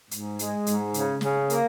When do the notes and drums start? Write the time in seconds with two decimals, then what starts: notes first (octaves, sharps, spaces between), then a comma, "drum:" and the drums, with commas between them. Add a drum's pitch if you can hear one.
0.11 G#2, drum: hi-hat
0.39 G#3, drum: hi-hat
0.66 G#2, drum: hi-hat
0.94 C#3, drum: hi-hat
1.21 C#3, drum: snare
1.50 A#3, drum: hi-hat